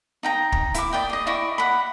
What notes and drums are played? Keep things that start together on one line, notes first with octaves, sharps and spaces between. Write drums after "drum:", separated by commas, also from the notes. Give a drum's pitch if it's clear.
D#4 G5 A#5
drum: kick
E4 D6, drum: hi-hat
D5 D#5 G5
G#4 D#5
E4 D5 D#5 C#6
F#5 B5